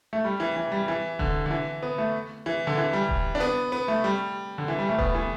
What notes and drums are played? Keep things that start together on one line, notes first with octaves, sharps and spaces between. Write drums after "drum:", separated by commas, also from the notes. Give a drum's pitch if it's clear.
A3
G3
E3
E3
G3
E3
D3, drum: kick D#1
D3
E3
B3
A3
E3
D3
E3
G3
drum: kick D#1
D4
B3
B3
A3
G3
D3
E3
G3
A3
B3, drum: kick D#1
E3